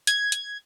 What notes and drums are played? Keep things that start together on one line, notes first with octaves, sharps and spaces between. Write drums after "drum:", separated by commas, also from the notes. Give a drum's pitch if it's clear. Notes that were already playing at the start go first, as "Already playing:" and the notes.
G#6, drum: hi-hat
drum: hi-hat